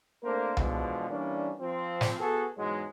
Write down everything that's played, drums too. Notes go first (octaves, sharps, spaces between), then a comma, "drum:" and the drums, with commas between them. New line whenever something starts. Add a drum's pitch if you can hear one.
A3 A#3 C4 D4 A#4 C5
E2 B2 D3 F3 G#3, drum: tom C2
E3 G3 A#3 C#4 D4
F3 C4 F4
drum: snare
B3 F#4 G#4 A4
E2 G#2 F#3 G#3